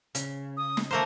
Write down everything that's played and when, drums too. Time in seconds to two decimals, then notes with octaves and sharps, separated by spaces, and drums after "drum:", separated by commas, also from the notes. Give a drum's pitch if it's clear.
0.15 C#3, drum: hi-hat
0.57 D#6
0.77 drum: snare
0.91 A3 A#3 C5 A#5